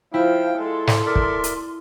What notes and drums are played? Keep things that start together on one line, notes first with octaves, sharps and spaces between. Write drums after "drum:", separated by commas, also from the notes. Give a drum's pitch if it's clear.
F3 E4 G5
G#3 A4 C6
drum: snare
A#4 D5 E5
drum: kick
drum: hi-hat